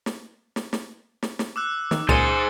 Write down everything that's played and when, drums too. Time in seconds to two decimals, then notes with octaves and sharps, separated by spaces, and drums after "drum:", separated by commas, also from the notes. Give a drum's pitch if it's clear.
0.06 drum: snare
0.56 drum: snare
0.73 drum: snare
1.23 drum: snare
1.39 drum: snare
1.56 D6 E6 F#6
1.91 D#3, drum: snare
2.09 C#2 A#2 G#4 C5 A6 C#7 D#7 G7